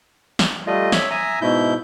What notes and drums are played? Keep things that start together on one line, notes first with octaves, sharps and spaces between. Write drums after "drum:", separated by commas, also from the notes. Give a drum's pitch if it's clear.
drum: snare
G3 A3 F4 D#5
C#5 E5, drum: snare
E5 G#5 A#5 D#6
G#2 B2 E4 G6